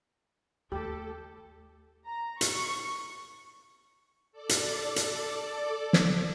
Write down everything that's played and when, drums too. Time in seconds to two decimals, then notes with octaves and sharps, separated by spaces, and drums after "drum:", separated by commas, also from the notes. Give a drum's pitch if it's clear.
0.72 D#2 A3 G4 A4
2.06 A#5
2.41 C#6, drum: hi-hat
4.32 A4 D5 D6
4.49 drum: hi-hat
4.96 drum: hi-hat
5.93 drum: snare